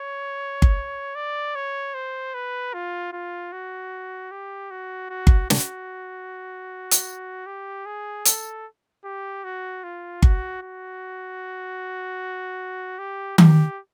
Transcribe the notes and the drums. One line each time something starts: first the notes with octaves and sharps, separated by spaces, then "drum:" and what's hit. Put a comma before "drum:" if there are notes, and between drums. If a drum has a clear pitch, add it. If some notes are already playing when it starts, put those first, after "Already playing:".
Already playing: C#5
drum: kick G1
D5
C#5
C5
B4
F4
F4
F#4
G4
F#4
F#4
drum: kick G1
F#4, drum: snare
drum: hi-hat
G4
G#4
A4, drum: hi-hat
G4
F#4
F4
F#4, drum: kick G1
F#4
G4
G4, drum: tom D#3